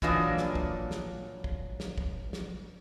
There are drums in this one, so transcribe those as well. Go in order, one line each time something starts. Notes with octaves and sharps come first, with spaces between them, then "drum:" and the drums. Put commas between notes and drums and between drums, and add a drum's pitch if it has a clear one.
A#2 E3 F#3 A#3 D4 D#5, drum: kick
drum: snare
drum: kick
drum: snare
drum: kick
drum: snare
drum: kick
drum: snare